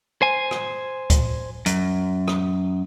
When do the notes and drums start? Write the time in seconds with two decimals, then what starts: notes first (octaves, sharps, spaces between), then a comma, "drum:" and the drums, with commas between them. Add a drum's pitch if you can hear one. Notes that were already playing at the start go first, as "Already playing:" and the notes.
0.22 C5 G#5
0.51 drum: rim click
1.10 drum: kick C#2, hi-hat
1.66 F#2, drum: hi-hat
2.28 drum: rim click